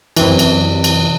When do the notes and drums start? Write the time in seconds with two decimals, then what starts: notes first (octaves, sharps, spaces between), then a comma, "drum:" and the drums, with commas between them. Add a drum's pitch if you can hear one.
0.17 F#2 C3 E3, drum: cymbal
0.39 drum: cymbal
0.84 drum: cymbal